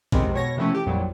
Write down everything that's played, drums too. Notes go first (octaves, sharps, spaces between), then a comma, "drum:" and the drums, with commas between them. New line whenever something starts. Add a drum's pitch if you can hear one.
F2 C3 D#3 G#3 B3 C4, drum: kick A#1
B2 C#5 A#6
C3 E3 F3 A3 C#4
G4
A1 F2 A#2 F#3 G3